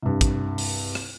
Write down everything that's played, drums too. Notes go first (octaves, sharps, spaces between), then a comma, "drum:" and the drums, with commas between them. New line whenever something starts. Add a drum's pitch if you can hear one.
C2 G2
drum: kick, hi-hat
drum: open hi-hat
drum: rim click